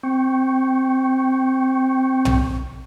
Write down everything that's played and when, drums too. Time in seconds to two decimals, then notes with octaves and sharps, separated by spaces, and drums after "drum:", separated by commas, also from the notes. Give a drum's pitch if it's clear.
0.03 C4 G5 C#6
2.25 drum: tom